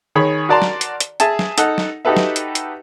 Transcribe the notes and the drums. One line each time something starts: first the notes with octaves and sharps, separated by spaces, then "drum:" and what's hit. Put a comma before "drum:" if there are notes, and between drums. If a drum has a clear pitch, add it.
D#3 G#4 C#5 B5
F#4 A#4 D5 A5 A#5 C6
drum: snare
drum: hi-hat
drum: hi-hat
G#4 E5 G#5 A5, drum: hi-hat
drum: snare
D#4 A4 F#5, drum: hi-hat
drum: snare
D#4 F#4 G4 A4 B4 E5
drum: snare
drum: hi-hat
drum: hi-hat